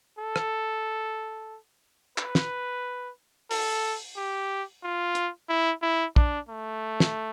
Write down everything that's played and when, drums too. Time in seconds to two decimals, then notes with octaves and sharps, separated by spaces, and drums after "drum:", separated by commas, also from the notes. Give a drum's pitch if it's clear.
0.19 A4
0.36 drum: rim click
2.18 B4, drum: clap
2.35 drum: snare
3.51 A4, drum: open hi-hat
4.17 G4
4.83 F4
5.15 drum: hi-hat
5.49 E4
5.82 E4
6.16 D4, drum: kick
6.49 A3
7.00 drum: snare